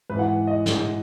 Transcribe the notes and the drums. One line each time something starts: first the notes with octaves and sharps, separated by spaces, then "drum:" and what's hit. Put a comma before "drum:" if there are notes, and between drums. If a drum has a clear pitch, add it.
G#2 E3 B4
F#5
D#5
drum: snare